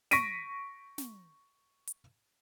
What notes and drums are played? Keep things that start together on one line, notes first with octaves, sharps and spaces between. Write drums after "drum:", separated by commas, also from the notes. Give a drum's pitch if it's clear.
C#6 A#6 B6 D7 D#7, drum: snare
drum: snare
drum: hi-hat